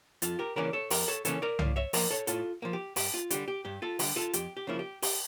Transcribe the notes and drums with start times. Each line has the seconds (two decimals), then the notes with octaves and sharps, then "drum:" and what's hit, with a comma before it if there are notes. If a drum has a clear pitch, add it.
0.22 F2 F4 A4, drum: hi-hat
0.39 G4 A#4
0.56 C#3 E3 A#3 C#4 A#4 D5
0.73 A4 C#5
0.90 F2 G4 A#4, drum: open hi-hat
1.08 A4 C#5
1.25 C#3 E3 A#3 C#4 A4 C#5, drum: hi-hat
1.42 A#4 D5
1.59 A2 D5 F5, drum: tom C2
1.76 C#5 E5
1.93 F3 A#3 A#4 D5, drum: open hi-hat
2.10 A4 C#5
2.27 A2 F4 A4, drum: hi-hat
2.62 F3 A#3
2.73 G4
2.96 G2 G4, drum: open hi-hat
3.14 F4
3.30 D3 G3 G4, drum: hi-hat
3.48 G4
3.65 G2 G4
3.82 F4 A4
3.99 D3 G3 G4, drum: open hi-hat
4.16 F4 A4
4.33 F2 G4, drum: hi-hat
4.57 G4
4.67 C#3 F3 A#3 E4
4.79 G4
5.02 G4, drum: open hi-hat